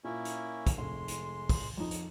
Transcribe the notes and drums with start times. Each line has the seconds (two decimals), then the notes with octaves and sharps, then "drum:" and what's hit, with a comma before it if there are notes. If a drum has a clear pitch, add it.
0.04 A#2 A#3 C#4 E4
0.25 drum: hi-hat
0.67 drum: kick, hi-hat
0.78 F1 G#3 C6
1.08 drum: hi-hat
1.49 drum: kick, open hi-hat
1.77 F2 D#4
1.91 drum: hi-hat